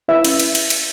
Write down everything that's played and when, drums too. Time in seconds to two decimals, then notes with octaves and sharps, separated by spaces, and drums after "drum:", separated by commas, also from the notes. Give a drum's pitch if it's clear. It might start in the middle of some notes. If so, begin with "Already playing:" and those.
0.08 E4 B4 E5
0.24 C#4, drum: cymbal
0.40 drum: cymbal
0.55 drum: cymbal
0.70 drum: cymbal